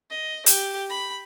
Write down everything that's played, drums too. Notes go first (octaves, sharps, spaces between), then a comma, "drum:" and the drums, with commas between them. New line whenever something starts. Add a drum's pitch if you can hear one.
D#5
G4, drum: hi-hat
B5